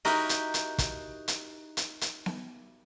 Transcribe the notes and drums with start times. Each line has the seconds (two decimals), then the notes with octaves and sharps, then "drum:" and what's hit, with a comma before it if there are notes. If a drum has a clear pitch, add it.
0.05 D#4 E4 F#4 G4 A#4, drum: open hi-hat
0.29 drum: hi-hat
0.54 drum: hi-hat
0.78 drum: kick, hi-hat
1.28 drum: hi-hat
1.77 drum: hi-hat
2.01 drum: hi-hat
2.26 drum: snare B3